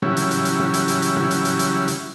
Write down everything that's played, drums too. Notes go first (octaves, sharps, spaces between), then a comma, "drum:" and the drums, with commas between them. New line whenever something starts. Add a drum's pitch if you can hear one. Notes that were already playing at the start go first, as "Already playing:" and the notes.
C#3 E3 F#3 G3 C#4 E4, drum: tom A2
drum: hi-hat
drum: hi-hat
drum: hi-hat
drum: tom A2
drum: hi-hat
drum: hi-hat
drum: hi-hat
drum: tom A2
drum: hi-hat
drum: hi-hat
drum: hi-hat
drum: hi-hat